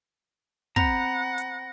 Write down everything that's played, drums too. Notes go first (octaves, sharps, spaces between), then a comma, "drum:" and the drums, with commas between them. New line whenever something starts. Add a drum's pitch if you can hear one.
C4 F#5 A#5 B5 A#6, drum: kick
drum: hi-hat